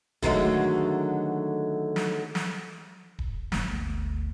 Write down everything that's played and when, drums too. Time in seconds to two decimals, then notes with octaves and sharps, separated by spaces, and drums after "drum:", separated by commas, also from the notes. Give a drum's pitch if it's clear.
0.22 D3 D#3 F#3 G#3 A3, drum: kick D#1
1.96 drum: snare
2.35 drum: snare
3.19 drum: kick D#1
3.52 G1 D2, drum: snare